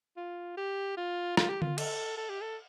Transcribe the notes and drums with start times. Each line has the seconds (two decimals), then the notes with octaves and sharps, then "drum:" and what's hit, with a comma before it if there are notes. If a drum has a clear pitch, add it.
0.17 F4
0.57 G4
0.97 F4
1.37 F4, drum: rim click
1.49 G4
1.62 F4, drum: tom D3
1.78 A4, drum: cymbal
2.18 A4
2.30 G4
2.41 A4